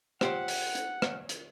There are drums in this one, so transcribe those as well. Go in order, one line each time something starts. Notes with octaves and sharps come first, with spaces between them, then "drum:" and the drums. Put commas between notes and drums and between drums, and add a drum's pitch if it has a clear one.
F4 G4 C5 F#5, drum: rim click
drum: open hi-hat
drum: hi-hat
drum: rim click
drum: hi-hat